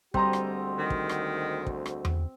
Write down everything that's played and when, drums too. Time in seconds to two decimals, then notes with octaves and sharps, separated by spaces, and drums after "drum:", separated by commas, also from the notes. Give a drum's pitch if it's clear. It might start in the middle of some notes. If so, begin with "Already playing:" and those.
0.14 D2 G3 G#3 C4 F#4 D#5 A#5, drum: kick
0.33 drum: rim click
0.79 D#3
0.90 drum: kick
1.09 drum: rim click
1.67 drum: kick
1.86 drum: rim click
2.05 drum: tom E2